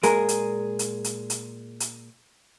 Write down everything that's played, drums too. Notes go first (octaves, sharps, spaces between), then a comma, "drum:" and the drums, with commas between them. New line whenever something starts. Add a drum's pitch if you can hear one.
A#2 G#3 G#4 A#4, drum: hi-hat
drum: hi-hat
drum: hi-hat
drum: hi-hat
drum: hi-hat
drum: hi-hat